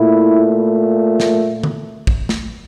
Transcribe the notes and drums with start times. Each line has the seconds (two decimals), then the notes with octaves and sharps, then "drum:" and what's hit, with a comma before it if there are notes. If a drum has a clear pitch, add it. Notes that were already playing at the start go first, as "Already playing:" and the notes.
Already playing: A#2 A3 E4
1.20 drum: snare
1.64 drum: tom D3
2.07 drum: kick
2.29 drum: snare